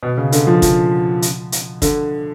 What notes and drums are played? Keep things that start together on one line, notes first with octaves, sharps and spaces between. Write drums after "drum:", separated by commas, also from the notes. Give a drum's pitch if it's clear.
B2
C#3
D3, drum: hi-hat
F3
F3, drum: kick, hi-hat
drum: hi-hat
drum: hi-hat
D3, drum: kick, hi-hat